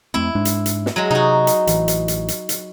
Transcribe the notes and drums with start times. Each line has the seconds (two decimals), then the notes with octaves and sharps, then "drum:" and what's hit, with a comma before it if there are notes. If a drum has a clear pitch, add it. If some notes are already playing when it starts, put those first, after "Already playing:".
0.14 F2 A3 C4 E4
0.35 G#2 G#3 D4
0.45 drum: hi-hat
0.66 drum: hi-hat
0.86 drum: snare
0.96 F#3 G#3
1.11 C3 D#4 F#4
1.47 drum: hi-hat
1.67 A1 E3, drum: hi-hat
1.88 drum: hi-hat
2.08 drum: hi-hat
2.28 drum: hi-hat
2.49 drum: hi-hat